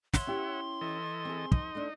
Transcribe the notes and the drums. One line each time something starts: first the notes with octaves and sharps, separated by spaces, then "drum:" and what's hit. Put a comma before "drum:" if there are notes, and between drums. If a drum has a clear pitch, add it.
C#5 E5 F#5 C6, drum: snare
C#4 E4 G4
E3 A4 D#5
C4 G#4
F2 D#4 D#5, drum: kick
A3 D4